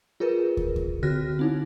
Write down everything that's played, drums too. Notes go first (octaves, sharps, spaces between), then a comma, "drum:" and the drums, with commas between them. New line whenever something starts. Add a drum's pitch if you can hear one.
F4 G#4 A#4 B4
drum: kick
drum: kick
D3 F#4 F6 F#6 A#6
C4 D#4 E4